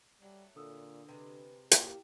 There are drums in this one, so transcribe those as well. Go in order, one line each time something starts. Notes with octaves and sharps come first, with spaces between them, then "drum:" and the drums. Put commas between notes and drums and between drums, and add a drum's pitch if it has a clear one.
F#3 G3 A3
A#2 D3 A4 D#6 E6
C3 E3 G#3 B4
A#2 C#3 G3 A#3 E4 G4 G5, drum: hi-hat